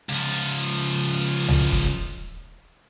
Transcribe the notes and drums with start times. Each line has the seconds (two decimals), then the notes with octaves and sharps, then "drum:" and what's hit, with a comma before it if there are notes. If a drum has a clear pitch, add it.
0.09 C#2 F3
1.48 drum: tom C2
1.72 drum: kick E1